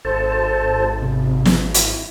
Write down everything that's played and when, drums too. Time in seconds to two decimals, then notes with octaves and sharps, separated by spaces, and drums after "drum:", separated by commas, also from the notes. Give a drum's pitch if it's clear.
0.05 G#1 A4 C5 A5
1.02 C3
1.45 drum: snare
1.74 E4, drum: hi-hat